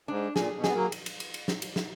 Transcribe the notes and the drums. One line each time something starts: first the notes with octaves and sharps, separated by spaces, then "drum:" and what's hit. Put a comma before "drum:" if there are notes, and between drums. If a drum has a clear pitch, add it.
G#2 D4
A#2 G#4, drum: snare
B2
B3 G#4, drum: snare
F#3 A#3
drum: cymbal
drum: cymbal
drum: cymbal
drum: cymbal
drum: snare
drum: cymbal
drum: snare